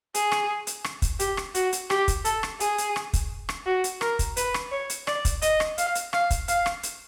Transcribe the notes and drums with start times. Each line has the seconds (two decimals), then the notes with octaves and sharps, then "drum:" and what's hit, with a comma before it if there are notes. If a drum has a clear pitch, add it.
0.15 G#4, drum: hi-hat
0.32 drum: rim click
0.67 drum: hi-hat
0.84 drum: rim click
1.02 drum: kick, hi-hat
1.20 G4, drum: hi-hat
1.37 drum: rim click
1.55 F#4, drum: hi-hat
1.73 drum: hi-hat
1.90 G4, drum: rim click
2.08 drum: kick, hi-hat
2.25 A4, drum: hi-hat
2.43 drum: rim click
2.60 G#4, drum: hi-hat
2.78 drum: hi-hat
2.96 drum: rim click
3.13 drum: kick, hi-hat
3.49 drum: rim click
3.66 F#4
3.84 drum: hi-hat
4.01 A#4, drum: rim click
4.19 drum: kick, hi-hat
4.37 B4, drum: hi-hat
4.54 drum: rim click
4.72 C#5
4.90 drum: hi-hat
5.07 D5, drum: rim click
5.25 drum: kick, hi-hat
5.42 D#5, drum: hi-hat
5.60 drum: rim click
5.78 F5, drum: hi-hat
5.95 drum: hi-hat
6.13 F5, drum: rim click
6.30 drum: kick, hi-hat
6.48 F5, drum: hi-hat
6.66 drum: rim click
6.83 drum: hi-hat